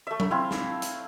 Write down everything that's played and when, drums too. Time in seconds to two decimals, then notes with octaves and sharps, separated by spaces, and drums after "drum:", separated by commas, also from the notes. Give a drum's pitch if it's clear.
0.07 A3 E5
0.20 drum: tom F#3
0.30 C4 E4 F5
0.51 drum: snare
0.82 drum: hi-hat